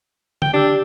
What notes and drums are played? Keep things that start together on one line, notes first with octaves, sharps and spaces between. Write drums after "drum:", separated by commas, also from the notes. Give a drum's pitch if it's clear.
G5, drum: tom
D4 G4 E6